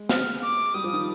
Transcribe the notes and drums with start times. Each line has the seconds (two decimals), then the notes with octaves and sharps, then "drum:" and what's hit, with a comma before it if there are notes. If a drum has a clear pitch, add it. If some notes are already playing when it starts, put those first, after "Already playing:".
Already playing: G#3
0.09 F6, drum: snare
0.42 D6
0.74 G3 D#6
0.84 F3
0.93 D#3